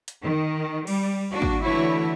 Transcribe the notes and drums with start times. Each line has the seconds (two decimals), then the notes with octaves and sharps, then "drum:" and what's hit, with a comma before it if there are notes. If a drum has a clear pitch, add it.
0.08 drum: hi-hat
0.23 D#3
0.87 G3, drum: cymbal
1.32 A#3 D4 F#4
1.42 drum: kick
1.63 D3 E3 A3 E4 F#4 C#5